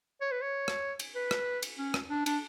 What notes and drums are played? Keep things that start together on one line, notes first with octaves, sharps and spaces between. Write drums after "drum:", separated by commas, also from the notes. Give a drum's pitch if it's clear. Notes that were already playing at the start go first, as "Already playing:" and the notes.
C#5
B4
C#5
drum: rim click
drum: cymbal
B4
drum: rim click
drum: cymbal
C#4
drum: rim click
D4
D4, drum: cymbal